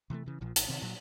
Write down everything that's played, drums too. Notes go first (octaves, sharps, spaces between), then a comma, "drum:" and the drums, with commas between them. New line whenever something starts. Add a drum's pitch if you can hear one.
C3 E3 F#3 A3
C#3 E3
A#1 A#2 F3
A1, drum: hi-hat
C3 D#3 C4
A#2 F#3